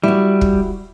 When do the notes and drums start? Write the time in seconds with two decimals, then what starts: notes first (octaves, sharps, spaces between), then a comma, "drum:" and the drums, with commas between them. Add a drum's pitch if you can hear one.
0.04 G3 E4 F#4
0.41 drum: kick